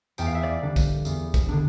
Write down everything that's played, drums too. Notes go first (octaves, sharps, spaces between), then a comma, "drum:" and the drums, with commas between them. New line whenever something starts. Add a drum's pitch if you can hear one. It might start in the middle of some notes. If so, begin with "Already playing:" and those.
E2 G5, drum: tambourine
F5
E5
D5 F5
D3 G3 D4
drum: kick, tambourine
E2, drum: tambourine
drum: kick, tambourine
D3 G3 D4